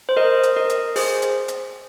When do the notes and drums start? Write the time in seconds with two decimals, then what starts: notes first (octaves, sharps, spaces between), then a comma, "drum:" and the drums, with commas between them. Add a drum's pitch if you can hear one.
0.09 C5
0.17 A#4 D#5
0.43 drum: hi-hat
0.56 A#4 D#5
0.70 drum: hi-hat
0.96 G#4 C5, drum: open hi-hat
1.22 drum: hi-hat
1.48 drum: hi-hat